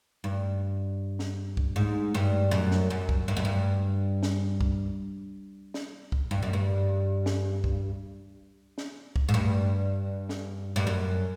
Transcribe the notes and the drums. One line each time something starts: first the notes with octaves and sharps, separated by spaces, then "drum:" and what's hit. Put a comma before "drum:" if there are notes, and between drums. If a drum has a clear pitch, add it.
G2
drum: snare
drum: kick
G#2
G2
F#2
drum: snare
F#2
drum: kick
G2
F#2
G2
drum: snare
drum: kick
drum: snare
drum: kick
G2
F#2
G2
drum: snare
drum: kick
drum: snare
drum: kick
G#2
G2
drum: snare
G2
F#2